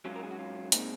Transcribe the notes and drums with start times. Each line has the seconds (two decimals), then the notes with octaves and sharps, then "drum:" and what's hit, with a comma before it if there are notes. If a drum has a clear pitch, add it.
0.05 G#2 F#3 C#4 F4
0.16 A#4
0.23 G#4
0.31 F#4
0.39 F4
0.72 A#2 G#3 C4 D#4, drum: hi-hat